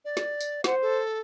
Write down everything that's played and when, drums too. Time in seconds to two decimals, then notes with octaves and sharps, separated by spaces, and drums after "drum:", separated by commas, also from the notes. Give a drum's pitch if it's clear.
0.05 D5
0.17 drum: snare
0.41 drum: tambourine
0.64 C5 F#5, drum: snare
0.82 A4